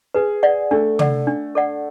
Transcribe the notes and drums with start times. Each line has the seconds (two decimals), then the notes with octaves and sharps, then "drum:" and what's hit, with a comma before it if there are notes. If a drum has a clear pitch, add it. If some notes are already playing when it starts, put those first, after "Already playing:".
0.14 G#4 B4
0.43 D5 F#5
0.71 A3 D4
0.99 A4 D5 F#5, drum: tom
1.27 D4
1.55 A4 D5 F#5